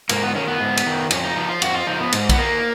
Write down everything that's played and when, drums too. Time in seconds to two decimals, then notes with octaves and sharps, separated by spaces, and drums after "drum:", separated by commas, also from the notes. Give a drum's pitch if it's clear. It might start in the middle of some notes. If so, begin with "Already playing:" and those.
0.09 G#2 A#3, drum: cymbal
0.23 B3
0.35 D#3 C#4
0.47 B3
0.60 G#2
0.77 drum: cymbal
0.86 D#3
1.11 F2 C#4, drum: cymbal
1.24 D#4
1.36 F3 D#4
1.49 F4
1.62 F2 F#4, drum: cymbal
1.74 F4
1.87 F3 D#4
2.00 B3
2.12 G#2, drum: cymbal
2.29 B3, drum: kick B1, cymbal
2.38 D#3 A#3